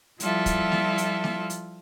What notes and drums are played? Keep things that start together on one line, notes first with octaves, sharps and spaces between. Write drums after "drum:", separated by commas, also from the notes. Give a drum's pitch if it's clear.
F3 G3 E4 F4 A4 E5, drum: hi-hat
drum: kick, hi-hat
drum: snare
drum: hi-hat
drum: snare
drum: hi-hat